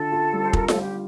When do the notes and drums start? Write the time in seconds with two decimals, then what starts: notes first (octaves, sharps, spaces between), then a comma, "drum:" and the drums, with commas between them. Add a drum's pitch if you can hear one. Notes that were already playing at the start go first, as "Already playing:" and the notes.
Already playing: D3 F4 A4
0.12 F4
0.33 G3
0.41 C5
0.53 F4 A#4, drum: kick
0.68 A4, drum: snare F4
0.74 G3
0.82 G4